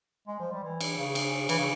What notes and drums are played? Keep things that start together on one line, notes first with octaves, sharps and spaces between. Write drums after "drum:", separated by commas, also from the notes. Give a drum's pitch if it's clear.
G#3
F3
G3
E3
drum: cymbal
C#3
drum: cymbal
E3, drum: cymbal
C#3